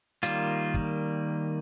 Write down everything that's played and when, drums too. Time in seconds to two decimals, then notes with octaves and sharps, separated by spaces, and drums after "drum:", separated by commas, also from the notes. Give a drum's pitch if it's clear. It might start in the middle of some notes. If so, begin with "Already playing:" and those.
0.23 D#3 G3 A#3 F4, drum: hi-hat
0.74 drum: kick